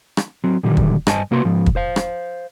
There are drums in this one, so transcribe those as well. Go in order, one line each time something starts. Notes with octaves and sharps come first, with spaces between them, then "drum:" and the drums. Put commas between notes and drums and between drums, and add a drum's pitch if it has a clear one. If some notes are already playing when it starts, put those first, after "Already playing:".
drum: rim click
F#3 C4
A#2 D3 D#3 F#3 G3
drum: kick
G2 C5 D#5 G#5 A5, drum: rim click
C3 A#3 F#4 B4 A#5 C6
G#2 F3
drum: kick
C5 F5
drum: rim click